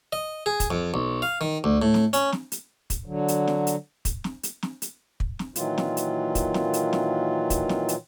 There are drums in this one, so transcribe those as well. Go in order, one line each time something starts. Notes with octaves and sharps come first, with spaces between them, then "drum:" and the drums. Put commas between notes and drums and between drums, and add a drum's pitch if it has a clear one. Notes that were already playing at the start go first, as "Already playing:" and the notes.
D#5
G#4
drum: kick, hi-hat
F2
B1
F5
D#3
D2
A2
drum: snare
C#4, drum: hi-hat
drum: snare
drum: hi-hat
drum: kick, hi-hat
D3 F#3
drum: hi-hat
drum: snare
drum: hi-hat
drum: kick, hi-hat
drum: snare
drum: hi-hat
drum: snare
drum: hi-hat
drum: kick
drum: snare
A#2 D#3 E3 F#3 F4, drum: hi-hat
drum: snare
drum: hi-hat
drum: kick, hi-hat
drum: snare
drum: hi-hat
drum: snare
drum: kick, hi-hat
drum: snare
drum: hi-hat